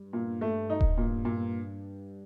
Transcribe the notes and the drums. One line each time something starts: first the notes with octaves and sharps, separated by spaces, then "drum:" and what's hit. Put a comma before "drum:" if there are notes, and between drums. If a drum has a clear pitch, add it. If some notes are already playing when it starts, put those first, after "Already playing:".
Already playing: G2
A#2
A3
D#4
drum: kick D#1
G2 A#2
A#2